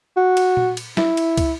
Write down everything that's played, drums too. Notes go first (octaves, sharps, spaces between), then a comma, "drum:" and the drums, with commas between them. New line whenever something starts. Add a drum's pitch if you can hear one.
F#4
drum: cymbal
drum: tom A#2
drum: cymbal
E4, drum: snare
drum: cymbal
drum: kick, cymbal